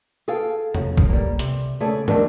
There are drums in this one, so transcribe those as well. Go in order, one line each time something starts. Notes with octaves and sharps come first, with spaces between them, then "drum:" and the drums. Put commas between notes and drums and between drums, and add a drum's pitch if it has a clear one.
G#4 A4 F5 G5
C#4, drum: tom
drum: kick
G3 A#3
C3, drum: hi-hat
C#3 A3 G#4 A4 D5
D#3 G3 A3 C4 D4 A#4, drum: tom